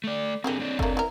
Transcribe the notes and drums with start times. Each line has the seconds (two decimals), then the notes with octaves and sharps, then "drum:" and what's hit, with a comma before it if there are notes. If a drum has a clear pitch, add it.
0.04 A3 D5
0.44 D3 A#3 C4 G4 G#4
0.60 C4 D4
0.79 A3 A#3, drum: kick F#1
0.97 E3 A#4